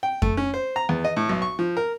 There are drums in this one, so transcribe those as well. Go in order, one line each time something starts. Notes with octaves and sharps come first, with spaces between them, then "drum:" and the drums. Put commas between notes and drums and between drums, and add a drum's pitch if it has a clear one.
G5
A3, drum: kick F2
C#4
C5
A#5
E2
D#5
A2
B1
C#6
F3
A#4